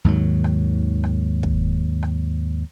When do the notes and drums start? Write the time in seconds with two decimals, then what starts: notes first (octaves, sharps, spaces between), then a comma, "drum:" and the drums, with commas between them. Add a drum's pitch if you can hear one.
0.04 D#2 G#2 D#3 F#3
0.44 drum: rim click
1.04 drum: rim click
1.43 drum: kick
2.03 drum: rim click